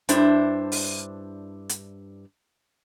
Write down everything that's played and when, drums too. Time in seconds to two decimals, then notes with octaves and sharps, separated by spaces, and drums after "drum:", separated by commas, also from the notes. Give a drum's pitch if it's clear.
0.09 G2 D4 E4 C5, drum: hi-hat
0.72 drum: open hi-hat
1.69 drum: hi-hat